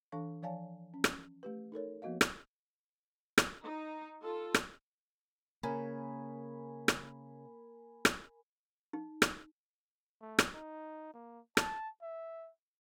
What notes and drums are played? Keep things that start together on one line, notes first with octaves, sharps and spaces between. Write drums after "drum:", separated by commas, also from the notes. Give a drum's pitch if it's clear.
E3 D4 A4 F5 A5 C#6
F3 C#5 D5 F5 G#5 A5
C#4
drum: rim click
A3 G4 B4
D#4 A4 A#4 C#5
F3 A#3 B3 F#4 D#5 F5
drum: rim click
drum: rim click
D#4
F4 A4
drum: rim click
C#3 A#3 A#4 G#5 B5
drum: rim click
drum: rim click
D#4
drum: rim click
A3
drum: rim click
D#4
A#3
A5, drum: rim click
E5